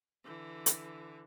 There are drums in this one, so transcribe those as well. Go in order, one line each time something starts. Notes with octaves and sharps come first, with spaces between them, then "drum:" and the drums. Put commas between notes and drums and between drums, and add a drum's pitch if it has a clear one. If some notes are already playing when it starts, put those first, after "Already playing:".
D3 E3
drum: hi-hat